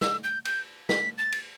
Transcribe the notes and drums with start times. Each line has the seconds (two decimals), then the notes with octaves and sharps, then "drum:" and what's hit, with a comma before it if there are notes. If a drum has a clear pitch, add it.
0.01 E6, drum: snare
0.24 G6
0.45 G6, drum: cymbal
0.89 B6, drum: snare
1.18 A6
1.32 drum: cymbal